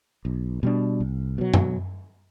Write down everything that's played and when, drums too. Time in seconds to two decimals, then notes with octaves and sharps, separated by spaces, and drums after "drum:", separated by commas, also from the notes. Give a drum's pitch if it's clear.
0.25 B1
0.63 B2 G3 D4
1.00 C2
1.38 B2 F#3
1.54 drum: tom F#2